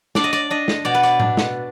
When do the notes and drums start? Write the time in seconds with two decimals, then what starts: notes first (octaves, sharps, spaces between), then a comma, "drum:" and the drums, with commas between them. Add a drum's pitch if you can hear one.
0.15 D4 D5, drum: snare
0.24 D#5
0.33 D5, drum: hi-hat
0.50 D4 D#5
0.68 drum: snare
0.85 B2 D5
0.95 B4
1.03 D5, drum: hi-hat
1.20 D4, drum: tom A2
1.37 drum: snare